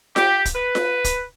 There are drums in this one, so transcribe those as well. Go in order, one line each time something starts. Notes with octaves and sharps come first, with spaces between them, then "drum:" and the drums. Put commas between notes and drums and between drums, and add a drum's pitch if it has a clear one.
G4, drum: snare F4
drum: kick, hi-hat
B4
drum: snare F4
drum: kick, hi-hat